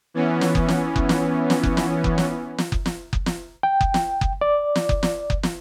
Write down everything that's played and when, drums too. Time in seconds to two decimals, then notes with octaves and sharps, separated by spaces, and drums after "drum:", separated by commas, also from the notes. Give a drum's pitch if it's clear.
0.14 E3 B3 C#4
0.41 drum: snare
0.55 drum: kick F#1
0.68 drum: snare
0.96 drum: kick F#1
1.09 drum: snare
1.50 drum: snare
1.63 drum: kick F#1
1.77 drum: snare
2.04 drum: kick F#1
2.18 drum: snare
2.58 drum: snare
2.72 drum: kick F#1
2.86 drum: snare
3.13 drum: kick F#1
3.26 drum: snare
3.63 G5
3.81 drum: kick F#1
3.94 drum: snare
4.21 drum: kick F#1
4.41 D5
4.76 drum: snare
4.89 drum: kick F#1
5.03 drum: snare
5.30 drum: kick F#1
5.43 drum: snare